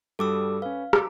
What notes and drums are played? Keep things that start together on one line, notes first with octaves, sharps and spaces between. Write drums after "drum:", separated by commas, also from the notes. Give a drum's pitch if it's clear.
G2 G3 F#4 A4 D6 E6
C#4 B4 F5
D6 E6, drum: rim click